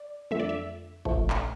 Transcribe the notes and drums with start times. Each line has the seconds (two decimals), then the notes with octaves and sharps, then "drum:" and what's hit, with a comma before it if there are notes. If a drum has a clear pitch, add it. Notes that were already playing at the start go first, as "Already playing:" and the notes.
Already playing: D5
0.31 F2 D3 F3 A3 E5, drum: tom
0.40 D5
0.49 E5
1.05 A#1 A2 F3 A3, drum: kick
1.30 drum: clap